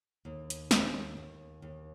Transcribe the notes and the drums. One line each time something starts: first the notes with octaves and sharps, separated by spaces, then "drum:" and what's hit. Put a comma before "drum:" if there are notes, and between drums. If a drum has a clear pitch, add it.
D#2
drum: hi-hat
D#2, drum: snare
D#2
D#2